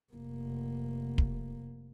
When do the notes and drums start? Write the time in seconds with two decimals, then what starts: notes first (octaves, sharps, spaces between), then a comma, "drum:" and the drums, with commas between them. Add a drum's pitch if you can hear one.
0.13 F1 A#3
1.18 drum: kick